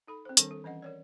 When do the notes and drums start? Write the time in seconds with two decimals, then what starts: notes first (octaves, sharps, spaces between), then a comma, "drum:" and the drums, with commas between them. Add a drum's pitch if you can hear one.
0.07 D#4 A4 B5
0.25 C4 C5
0.37 D#3 G3 D4 A4 A#4, drum: hi-hat
0.51 A4
0.64 E3 C#4 D#5 F#5
0.82 A#4 C#5 D5